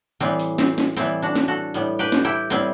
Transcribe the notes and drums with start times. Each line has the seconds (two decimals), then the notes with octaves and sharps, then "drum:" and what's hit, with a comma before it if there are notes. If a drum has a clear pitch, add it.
0.20 A2 E3 G3 B3 C4, drum: hi-hat
0.39 drum: open hi-hat
0.58 C4, drum: snare
0.78 drum: snare
0.97 A2 E3 G3 B3 C4 E4, drum: hi-hat
1.22 D4 F#4
1.35 drum: snare
1.48 F#4 A4
1.74 A2 G3 B3, drum: hi-hat
1.99 G4 B4
2.12 drum: snare
2.25 E4 G4
2.50 A2 G3 B3 C4 E4, drum: hi-hat